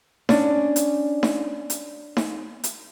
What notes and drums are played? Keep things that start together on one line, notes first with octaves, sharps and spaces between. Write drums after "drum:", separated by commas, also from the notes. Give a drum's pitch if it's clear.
C#4 D4, drum: snare D#4
drum: hi-hat
drum: snare D#4
drum: hi-hat
drum: snare D#4
drum: hi-hat